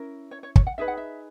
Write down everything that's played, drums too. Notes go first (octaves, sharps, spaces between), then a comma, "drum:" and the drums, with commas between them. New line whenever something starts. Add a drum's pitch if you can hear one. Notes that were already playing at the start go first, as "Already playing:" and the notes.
Already playing: C#4 E4 A#4
C#5
C#5
C#5, drum: kick
F#5
D#4 G#4 B4 E5
F#5
E5